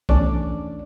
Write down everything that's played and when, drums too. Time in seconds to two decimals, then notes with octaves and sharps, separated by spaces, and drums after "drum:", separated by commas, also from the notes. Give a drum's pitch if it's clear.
0.09 E2 A3 C#4 D4 D5, drum: kick B1